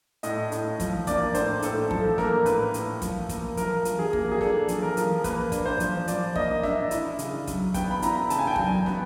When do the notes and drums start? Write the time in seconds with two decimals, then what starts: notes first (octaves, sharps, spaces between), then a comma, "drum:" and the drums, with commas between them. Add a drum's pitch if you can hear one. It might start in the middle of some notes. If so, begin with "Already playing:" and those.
0.23 A2 D#5, drum: hi-hat
0.52 A2, drum: hi-hat
0.80 F3, drum: kick, hi-hat
1.07 A#3 D5, drum: kick, hi-hat
1.34 A2 C5, drum: hi-hat
1.62 A2 A4, drum: hi-hat
1.91 F3 A4, drum: kick
2.18 A#3 A#4, drum: snare
2.46 A2 B4, drum: hi-hat
2.74 A2, drum: hi-hat
3.02 F3, drum: kick, hi-hat
3.29 A#3, drum: kick, hi-hat
3.57 F3 A#4, drum: hi-hat
3.85 F3, drum: hi-hat
3.99 G#4
4.13 A#3, drum: kick
4.31 G#4
4.41 D4 A4, drum: snare
4.68 F3, drum: hi-hat
4.82 A#4
4.97 F3, drum: hi-hat
5.24 A#3 B4, drum: kick, hi-hat
5.52 D4, drum: kick, hi-hat
5.65 C5
5.80 F3, drum: hi-hat
6.08 F3 D5, drum: hi-hat
6.35 A#3 D#5, drum: kick
6.63 D4 E5, drum: snare
6.91 E4, drum: hi-hat
7.19 C#3, drum: hi-hat
7.47 F#3, drum: kick, hi-hat
7.74 B3 G5, drum: kick, hi-hat
7.91 B5
8.02 E4 A#5, drum: hi-hat
8.30 C#3 A5, drum: hi-hat
8.39 G#5
8.47 G5
8.56 F#3 G#5, drum: kick
8.86 B3, drum: snare